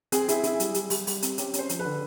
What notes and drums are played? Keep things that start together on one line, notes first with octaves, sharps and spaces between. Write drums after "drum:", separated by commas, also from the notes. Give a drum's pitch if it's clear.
C4 G#4, drum: hi-hat
E4, drum: hi-hat
E4, drum: hi-hat
G3, drum: hi-hat
G3, drum: hi-hat
G3, drum: open hi-hat
G3, drum: open hi-hat
C4, drum: hi-hat
C#4 G4, drum: hi-hat
C#4, drum: hi-hat
C5
F3, drum: hi-hat
B4
D3